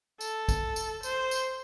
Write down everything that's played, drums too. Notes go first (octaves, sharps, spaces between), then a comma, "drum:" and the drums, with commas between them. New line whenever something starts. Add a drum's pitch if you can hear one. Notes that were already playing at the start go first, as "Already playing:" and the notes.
A4, drum: tambourine
drum: kick, tambourine
drum: tambourine
C5, drum: tambourine
drum: tambourine